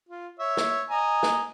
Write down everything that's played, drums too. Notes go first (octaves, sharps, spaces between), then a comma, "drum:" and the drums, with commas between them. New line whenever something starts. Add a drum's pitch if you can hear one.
F4
C#5 E5
drum: snare
D#5 G#5 A#5
drum: snare